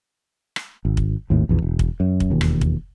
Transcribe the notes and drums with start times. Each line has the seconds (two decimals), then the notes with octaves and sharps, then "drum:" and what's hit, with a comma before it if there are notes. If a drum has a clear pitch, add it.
0.56 drum: rim click
0.85 G#1
0.97 drum: kick
1.30 G#1 D#2 A2
1.49 A#1 E2
1.62 E1
1.79 drum: kick
2.00 F#2
2.20 drum: kick
2.30 E1 D#2
2.41 drum: rim click
2.61 drum: kick